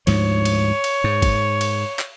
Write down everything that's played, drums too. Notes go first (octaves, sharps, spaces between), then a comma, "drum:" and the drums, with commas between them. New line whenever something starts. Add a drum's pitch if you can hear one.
D2 G#2 F3 C#5, drum: cymbal
drum: cymbal
drum: cymbal
G#2
drum: kick G1, cymbal
drum: cymbal
drum: clap